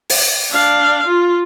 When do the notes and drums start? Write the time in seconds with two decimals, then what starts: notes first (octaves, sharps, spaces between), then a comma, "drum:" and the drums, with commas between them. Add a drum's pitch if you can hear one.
0.10 drum: open hi-hat
0.52 D4 F5
1.07 F4